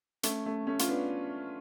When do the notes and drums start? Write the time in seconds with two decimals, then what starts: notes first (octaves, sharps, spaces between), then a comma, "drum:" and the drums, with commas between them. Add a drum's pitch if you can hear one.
0.23 A3 C#4, drum: hi-hat
0.46 A3 C#4
0.67 A3 C#4
0.79 F4, drum: hi-hat
0.88 B3 D4